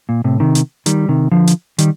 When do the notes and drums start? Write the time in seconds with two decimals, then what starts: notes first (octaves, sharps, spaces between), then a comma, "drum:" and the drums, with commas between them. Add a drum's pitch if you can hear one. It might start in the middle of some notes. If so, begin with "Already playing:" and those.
0.09 A#2
0.24 A2 C3
0.40 C3 D#3
0.55 drum: hi-hat
0.86 D#3 G3, drum: hi-hat
1.09 C3 D#3
1.32 D3 F3
1.47 drum: hi-hat
1.78 D#3 G3, drum: hi-hat